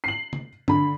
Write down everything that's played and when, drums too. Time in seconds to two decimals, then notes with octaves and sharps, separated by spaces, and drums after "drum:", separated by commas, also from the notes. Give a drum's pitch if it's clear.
0.04 C7 F#7
0.33 drum: tom
0.68 D3 B5, drum: tom G2